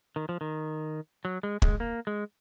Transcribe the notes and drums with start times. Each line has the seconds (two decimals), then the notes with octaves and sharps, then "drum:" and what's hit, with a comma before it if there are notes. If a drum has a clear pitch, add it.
0.16 D#3
0.29 F3
0.41 D#3
1.25 F#3
1.43 G#3
1.62 G#3, drum: kick
1.80 A#3
2.07 G#3